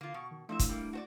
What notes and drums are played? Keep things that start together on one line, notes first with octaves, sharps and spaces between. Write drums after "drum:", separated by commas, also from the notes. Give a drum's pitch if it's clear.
D3 A#3 F4
B2 C#6
D#3
F3 A3 C4 D4 E4 E5
drum: kick, hi-hat
G3 A#3
F#4 C5 D5